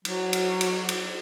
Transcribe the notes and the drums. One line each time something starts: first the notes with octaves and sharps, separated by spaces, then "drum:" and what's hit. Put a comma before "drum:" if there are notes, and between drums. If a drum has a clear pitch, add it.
F#3, drum: cymbal
drum: cymbal
drum: cymbal
drum: cymbal